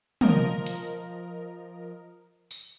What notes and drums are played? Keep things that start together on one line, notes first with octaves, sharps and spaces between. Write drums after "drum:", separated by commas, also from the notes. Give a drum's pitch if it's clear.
F3 A#4 D#5, drum: tom
drum: hi-hat
drum: tambourine